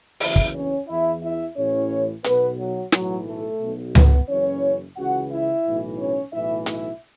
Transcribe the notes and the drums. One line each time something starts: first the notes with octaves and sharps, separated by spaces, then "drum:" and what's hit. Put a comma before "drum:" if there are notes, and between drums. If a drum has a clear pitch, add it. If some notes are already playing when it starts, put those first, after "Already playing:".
F#1 E2 C#3 E3 E4 E5, drum: open hi-hat
drum: kick
C#4 C#5
E2 E3 E4 E5
E4 E5
A1 A2 E3 C#4 C#5
B1 B2 B3 B4, drum: hi-hat
F#3 F#4
B1 A2 E3 F#3 F#4, drum: snare
A3 A4
B1 B2
B3 B4, drum: tom C#2
F#1 F#2 E3 C#4 C#5
C#2 C#3 E3 F#4 F#5
E4 E5
B1 A2 E3
C#4 C#5
B1 A2 E3 E4 E5
E4 E5, drum: hi-hat